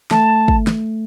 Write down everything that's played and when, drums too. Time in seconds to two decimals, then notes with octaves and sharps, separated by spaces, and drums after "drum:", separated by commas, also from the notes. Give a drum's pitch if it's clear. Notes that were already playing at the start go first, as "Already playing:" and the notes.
0.11 A3 A5, drum: snare
0.48 drum: kick
0.67 drum: snare